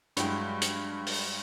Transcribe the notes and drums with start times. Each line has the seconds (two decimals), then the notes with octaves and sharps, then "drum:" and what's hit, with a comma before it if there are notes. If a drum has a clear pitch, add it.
0.17 G2 F#3 G#3 E4 G5, drum: hi-hat
0.62 drum: hi-hat
1.06 drum: open hi-hat